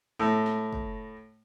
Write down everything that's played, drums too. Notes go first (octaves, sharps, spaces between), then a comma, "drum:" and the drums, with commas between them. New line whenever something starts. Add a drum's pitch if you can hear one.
A2
drum: snare
drum: kick